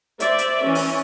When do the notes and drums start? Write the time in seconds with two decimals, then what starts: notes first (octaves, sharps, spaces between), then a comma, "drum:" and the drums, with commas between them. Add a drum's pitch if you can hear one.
0.20 C5 D5 E5, drum: hi-hat
0.38 drum: hi-hat
0.62 E3 C#4
0.75 drum: open hi-hat